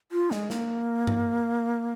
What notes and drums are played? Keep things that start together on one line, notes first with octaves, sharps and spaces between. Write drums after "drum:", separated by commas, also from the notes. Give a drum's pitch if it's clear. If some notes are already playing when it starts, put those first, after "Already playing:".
F4
G#3, drum: snare
A#3, drum: snare
drum: tom G2